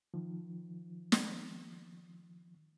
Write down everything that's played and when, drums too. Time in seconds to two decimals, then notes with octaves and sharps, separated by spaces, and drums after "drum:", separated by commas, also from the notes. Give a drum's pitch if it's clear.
0.14 D#3 F3
1.12 drum: snare